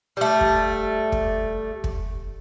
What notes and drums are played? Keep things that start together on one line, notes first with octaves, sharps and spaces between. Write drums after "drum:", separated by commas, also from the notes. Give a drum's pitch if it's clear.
G3 A3
drum: kick
drum: kick
drum: kick